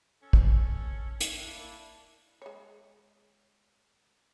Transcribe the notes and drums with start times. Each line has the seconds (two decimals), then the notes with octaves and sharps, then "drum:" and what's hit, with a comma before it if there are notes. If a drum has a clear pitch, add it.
0.22 C#4 A4
0.33 drum: kick
1.20 drum: hi-hat
1.33 A#3 D4 E4
2.42 G#3 C#5